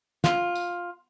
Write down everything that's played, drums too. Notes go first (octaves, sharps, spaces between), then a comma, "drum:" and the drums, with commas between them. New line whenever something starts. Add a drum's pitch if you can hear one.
F4, drum: snare
drum: tambourine